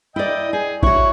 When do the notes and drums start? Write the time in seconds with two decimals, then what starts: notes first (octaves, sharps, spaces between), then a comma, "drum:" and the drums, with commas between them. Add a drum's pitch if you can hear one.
0.16 E4 D5 D#5 G5
0.53 G#4 G#5
0.83 E4 F#4 C#5 C#6, drum: kick A#1